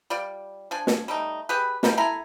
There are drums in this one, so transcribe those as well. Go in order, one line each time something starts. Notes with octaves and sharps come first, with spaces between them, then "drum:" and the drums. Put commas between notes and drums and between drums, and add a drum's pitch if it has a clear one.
G3 F4 D5
F3 D4 G#5
drum: snare
G3 A3 D#4
G4 G#4 B4
F3 G3 D#4 F4, drum: snare
E4 A4 G#5 A#5